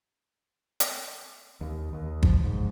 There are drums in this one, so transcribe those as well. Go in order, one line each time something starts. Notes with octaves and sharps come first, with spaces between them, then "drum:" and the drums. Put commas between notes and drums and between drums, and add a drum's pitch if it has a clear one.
drum: hi-hat
D#2
D#2
F3, drum: kick
G#2